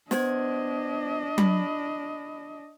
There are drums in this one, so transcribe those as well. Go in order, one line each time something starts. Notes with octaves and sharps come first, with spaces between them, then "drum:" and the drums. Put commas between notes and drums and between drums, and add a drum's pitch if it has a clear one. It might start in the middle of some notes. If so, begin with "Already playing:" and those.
B3 D4 C5 D#5 G#6, drum: snare
B5, drum: tom F#3